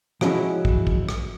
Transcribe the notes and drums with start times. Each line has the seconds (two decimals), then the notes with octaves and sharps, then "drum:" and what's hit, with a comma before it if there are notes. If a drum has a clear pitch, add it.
0.21 F3 F#3 G#3 C#4 E4, drum: rim click
0.65 drum: kick
0.87 drum: kick
1.09 drum: rim click